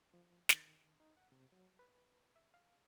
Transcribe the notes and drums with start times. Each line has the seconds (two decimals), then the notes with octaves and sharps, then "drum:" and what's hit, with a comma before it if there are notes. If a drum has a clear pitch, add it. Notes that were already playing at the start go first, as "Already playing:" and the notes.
0.14 F3
0.49 D#3, drum: snare
1.00 D#4
1.17 F#5
1.32 C3
1.52 F#3
1.79 B4
2.36 E5
2.54 F5